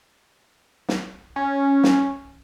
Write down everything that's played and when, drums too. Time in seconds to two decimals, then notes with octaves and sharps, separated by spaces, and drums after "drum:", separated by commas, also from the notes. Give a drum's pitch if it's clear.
0.89 drum: snare
1.36 C#4
1.83 drum: snare